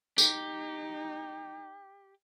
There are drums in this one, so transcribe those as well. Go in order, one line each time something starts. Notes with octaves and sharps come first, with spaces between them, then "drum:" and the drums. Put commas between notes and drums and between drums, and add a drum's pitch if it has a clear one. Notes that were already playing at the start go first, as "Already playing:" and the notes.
D#4 G4, drum: tambourine